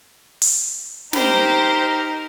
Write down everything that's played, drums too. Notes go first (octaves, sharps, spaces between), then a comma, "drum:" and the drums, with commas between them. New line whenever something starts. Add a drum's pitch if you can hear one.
drum: open hi-hat
D#4 G4 A#4 C5, drum: snare